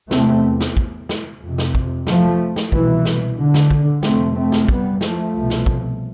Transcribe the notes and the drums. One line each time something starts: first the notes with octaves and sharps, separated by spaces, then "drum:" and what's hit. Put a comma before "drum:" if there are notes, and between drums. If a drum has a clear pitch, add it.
E2 C3 A3 C4, drum: snare
drum: snare
drum: kick
drum: snare
F2 C3
drum: snare
drum: kick
F3 A3, drum: snare
drum: snare
C2 B2 E3, drum: kick
drum: snare
D3
drum: snare
drum: kick
F2 C3 A3 C4, drum: snare
A3 C4
drum: snare
G3 B3, drum: kick
F3 A3, drum: snare
C2 B2
drum: snare
drum: kick